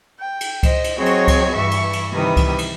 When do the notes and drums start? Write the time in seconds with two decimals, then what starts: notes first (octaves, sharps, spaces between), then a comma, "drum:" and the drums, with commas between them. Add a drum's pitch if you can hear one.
0.19 G5
0.41 drum: cymbal
0.63 C5 D#5, drum: kick C#2, cymbal
0.84 drum: cymbal
0.97 F#3 C4 F#4 G#4 C#5 D#5
1.06 drum: cymbal
1.28 drum: kick C#2, cymbal
1.54 G2 E3 E5 C#6
1.71 drum: cymbal
1.93 drum: cymbal
2.11 C3 D#3 E3 G3 B4 D#6
2.37 drum: kick C#2, cymbal
2.58 drum: cymbal